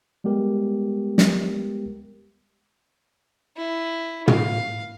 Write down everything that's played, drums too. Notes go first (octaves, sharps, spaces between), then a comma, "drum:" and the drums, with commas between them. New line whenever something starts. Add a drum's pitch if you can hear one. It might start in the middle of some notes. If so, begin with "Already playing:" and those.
G3 G#3 B3 G4 A#4
drum: snare
E4
F5, drum: tom